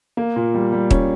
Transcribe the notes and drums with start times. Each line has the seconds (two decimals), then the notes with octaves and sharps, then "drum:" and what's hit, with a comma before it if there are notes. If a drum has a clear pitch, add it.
0.17 A#3
0.36 A#2
0.54 G3
0.72 G3
0.91 C#4, drum: kick